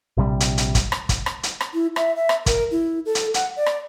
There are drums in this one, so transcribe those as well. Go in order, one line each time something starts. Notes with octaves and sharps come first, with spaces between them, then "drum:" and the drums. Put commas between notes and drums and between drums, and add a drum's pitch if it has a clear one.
A#1 C3 F3 G3
drum: hi-hat
drum: hi-hat
drum: kick, hi-hat
drum: rim click
drum: kick, hi-hat
drum: rim click
drum: hi-hat
drum: rim click
E4
E5, drum: rim click
E5
drum: rim click
A#4, drum: kick, hi-hat
E4
A4
drum: hi-hat
F#5, drum: hi-hat
D5
drum: rim click